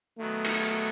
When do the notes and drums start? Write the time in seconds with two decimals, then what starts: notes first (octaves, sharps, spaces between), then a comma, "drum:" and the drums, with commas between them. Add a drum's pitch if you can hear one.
0.18 D#3 F#3 A3 B3
0.45 drum: cymbal